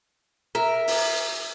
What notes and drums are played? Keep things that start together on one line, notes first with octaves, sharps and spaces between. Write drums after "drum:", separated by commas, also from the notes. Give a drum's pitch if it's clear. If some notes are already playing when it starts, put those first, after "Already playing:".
A#4 E5
drum: open hi-hat